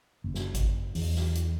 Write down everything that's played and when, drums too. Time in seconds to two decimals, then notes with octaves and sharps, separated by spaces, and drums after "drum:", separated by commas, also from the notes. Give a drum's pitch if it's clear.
0.24 F#1
0.34 drum: snare
0.55 drum: kick G#1, hi-hat
0.95 E2, drum: open hi-hat
1.15 drum: snare
1.35 drum: hi-hat